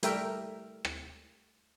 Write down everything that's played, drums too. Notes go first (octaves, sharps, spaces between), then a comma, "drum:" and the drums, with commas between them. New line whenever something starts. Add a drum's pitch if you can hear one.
G3 A3 A#4 E5 G5, drum: hi-hat
drum: rim click